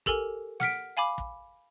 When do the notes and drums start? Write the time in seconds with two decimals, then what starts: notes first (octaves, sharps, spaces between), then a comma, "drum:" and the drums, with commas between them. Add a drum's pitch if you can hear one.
0.06 G4 A4 A#4 G#5, drum: kick
0.60 F#5 F6 B6 D7, drum: snare
0.97 F5 G#5 B5 D6
1.18 drum: kick